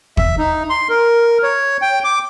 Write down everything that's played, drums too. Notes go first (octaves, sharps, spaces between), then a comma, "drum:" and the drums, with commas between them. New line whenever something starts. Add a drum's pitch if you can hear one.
E5, drum: kick
D#4
C6
A#4
C#5
G5
D6